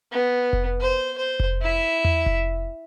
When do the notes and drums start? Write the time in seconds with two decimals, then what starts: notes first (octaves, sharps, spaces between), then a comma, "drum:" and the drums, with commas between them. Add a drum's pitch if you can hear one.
0.12 B3
0.53 drum: kick F1
0.80 C5
1.18 C5
1.40 drum: kick F1
1.62 E4 E5
2.05 drum: tom E2
2.26 drum: kick F1